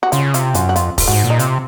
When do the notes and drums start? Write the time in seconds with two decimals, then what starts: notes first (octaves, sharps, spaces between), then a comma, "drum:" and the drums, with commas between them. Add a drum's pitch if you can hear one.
0.03 F#4
0.12 C#3 F4, drum: hi-hat
0.34 C3 F4, drum: hi-hat
0.54 F#2 F4, drum: hi-hat
0.69 F#4
0.76 F2 F4, drum: hi-hat
0.98 F4, drum: kick F1, open hi-hat
1.08 G#2 F#4
1.24 A#2
1.30 D#4
1.39 C3 F4, drum: hi-hat